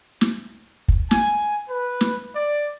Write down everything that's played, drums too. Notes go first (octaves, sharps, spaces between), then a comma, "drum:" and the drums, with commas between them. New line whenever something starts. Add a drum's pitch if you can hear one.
drum: snare
drum: kick
G#5, drum: snare
B4
drum: snare
D5